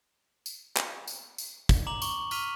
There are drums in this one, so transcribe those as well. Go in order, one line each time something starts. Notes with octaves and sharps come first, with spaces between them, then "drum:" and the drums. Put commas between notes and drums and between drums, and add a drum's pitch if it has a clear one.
drum: tambourine
drum: clap
drum: tambourine
drum: tambourine
drum: kick, tambourine
A#5 D6 F#7
C#6, drum: tambourine
C#6 F6 B6 D#7 F7, drum: tambourine